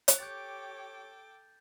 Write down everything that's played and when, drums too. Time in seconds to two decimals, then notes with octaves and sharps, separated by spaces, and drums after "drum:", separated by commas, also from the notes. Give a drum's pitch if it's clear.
0.08 drum: hi-hat
0.19 G4 A4 C#5 G5 D6 G6 A6